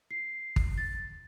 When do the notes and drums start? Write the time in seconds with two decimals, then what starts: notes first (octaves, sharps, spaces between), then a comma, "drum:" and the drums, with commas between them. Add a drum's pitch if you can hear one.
0.11 C7
0.56 drum: kick
0.78 A6